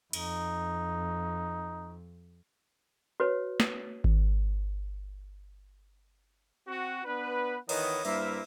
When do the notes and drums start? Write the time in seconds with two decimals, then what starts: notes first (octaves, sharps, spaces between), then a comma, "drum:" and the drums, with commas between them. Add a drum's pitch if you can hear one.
0.13 F2 D#4, drum: cymbal
3.20 F#4 B4 C#5
3.60 drum: snare
4.04 drum: kick G#1
6.68 C4 F#4
7.05 B3 D4 B4
7.69 D#3 E3 B3 A#4 C#5 D#5, drum: cymbal
8.05 G2 G3 A#3 E4 C5 E5, drum: open hi-hat